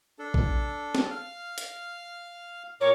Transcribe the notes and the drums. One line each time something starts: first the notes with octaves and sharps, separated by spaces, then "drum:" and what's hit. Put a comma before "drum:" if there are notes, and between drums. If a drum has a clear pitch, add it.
D4 A4
drum: kick A#1
drum: snare
F5 F6
drum: hi-hat
A#2 A#4 C#5 D6